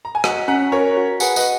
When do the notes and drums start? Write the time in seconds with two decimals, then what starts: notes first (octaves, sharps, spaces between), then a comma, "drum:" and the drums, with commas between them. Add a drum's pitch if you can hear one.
0.05 A#5
0.15 G#5
0.24 F#4 D#5 F#5, drum: rim click
0.48 C#4 F#5 A#5
0.72 F#4 A#4 C#5
0.97 F#4
1.20 G#4 B4 F#5, drum: tambourine
1.36 B4 D#5, drum: tambourine